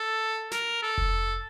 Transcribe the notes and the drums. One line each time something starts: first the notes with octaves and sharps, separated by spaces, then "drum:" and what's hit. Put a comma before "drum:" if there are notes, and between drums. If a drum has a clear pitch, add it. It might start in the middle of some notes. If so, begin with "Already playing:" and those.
Already playing: A4
A#4, drum: snare
A4
drum: kick F1